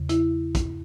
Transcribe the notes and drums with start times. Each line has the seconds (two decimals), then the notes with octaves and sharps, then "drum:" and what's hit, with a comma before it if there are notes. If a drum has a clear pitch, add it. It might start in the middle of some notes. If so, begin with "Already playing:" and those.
Already playing: E2 C#3
0.09 E4, drum: hi-hat
0.55 drum: kick, hi-hat